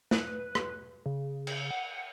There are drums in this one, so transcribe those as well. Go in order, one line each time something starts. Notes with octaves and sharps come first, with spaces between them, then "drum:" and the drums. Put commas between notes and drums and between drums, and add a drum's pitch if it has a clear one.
B4, drum: snare
drum: rim click
C#3
drum: cymbal
F#5